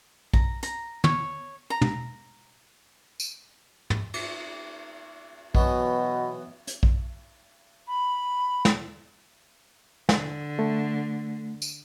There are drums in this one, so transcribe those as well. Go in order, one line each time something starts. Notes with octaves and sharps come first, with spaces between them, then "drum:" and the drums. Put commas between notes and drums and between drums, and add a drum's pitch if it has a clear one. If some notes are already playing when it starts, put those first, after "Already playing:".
A#5, drum: kick A#1
A#5, drum: hi-hat
C#5, drum: tom
A#5
drum: tom
drum: tambourine
drum: tom
drum: cymbal
B2 E3 F#3 B3, drum: kick A#1
drum: hi-hat
drum: kick A#1
B5
drum: snare
D3, drum: snare
A3
drum: tambourine